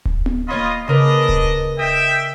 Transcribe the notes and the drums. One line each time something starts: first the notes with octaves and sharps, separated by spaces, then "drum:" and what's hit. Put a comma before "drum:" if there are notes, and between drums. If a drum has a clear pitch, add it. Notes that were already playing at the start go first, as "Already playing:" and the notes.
drum: kick D1
drum: tom B3
A#3 F4 C#5 D#5 B5
C#3 D4 A#4 B4 D#5
drum: kick D1
D#5 E5 G5